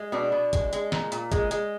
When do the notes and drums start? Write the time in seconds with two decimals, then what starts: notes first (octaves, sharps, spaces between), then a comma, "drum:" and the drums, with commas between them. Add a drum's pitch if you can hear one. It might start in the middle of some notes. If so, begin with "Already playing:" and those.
Already playing: G#3
0.12 B2 D4
0.32 B2
0.53 G#3, drum: kick, hi-hat
0.73 G#3, drum: hi-hat
0.92 A#2, drum: snare
1.12 A#2, drum: hi-hat
1.32 G#3, drum: kick, hi-hat
1.51 G#3, drum: hi-hat